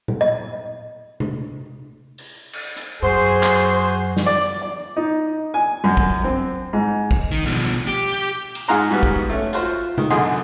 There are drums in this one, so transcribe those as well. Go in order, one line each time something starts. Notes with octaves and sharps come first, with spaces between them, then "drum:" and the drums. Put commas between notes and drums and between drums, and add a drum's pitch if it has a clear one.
drum: tom A#2
D#5
drum: tom C3
drum: open hi-hat
drum: cymbal
drum: hi-hat
F#2 F#4 G#4 C5 C6
drum: clap
drum: snare
D5
D5
D#4
G#5
F#2
drum: kick
C4
G#2
drum: kick
D#3
B2 F3, drum: cymbal
G4
drum: cymbal
G#2 G#4 F5 F#5 A#5 C6
G#2 G3 B3 F#4 F6
drum: kick
A3 C#4
F4 F#4 C5, drum: hi-hat
D#3, drum: tom C3
B1 F#2 D3 G#4 D#5 C6